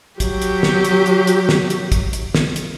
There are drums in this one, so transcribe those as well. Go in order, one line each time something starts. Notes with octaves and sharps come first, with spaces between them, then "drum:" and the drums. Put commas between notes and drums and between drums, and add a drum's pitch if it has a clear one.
F#3 G4, drum: kick, hi-hat
drum: hi-hat
drum: snare
drum: hi-hat
drum: hi-hat
drum: hi-hat
drum: snare
drum: hi-hat
drum: kick, hi-hat
drum: hi-hat
drum: snare
drum: hi-hat